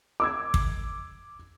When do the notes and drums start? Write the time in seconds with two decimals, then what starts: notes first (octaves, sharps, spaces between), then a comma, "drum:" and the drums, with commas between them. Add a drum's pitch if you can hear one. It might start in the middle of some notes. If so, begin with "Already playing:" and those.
0.20 D6 E6 G#6
0.54 drum: kick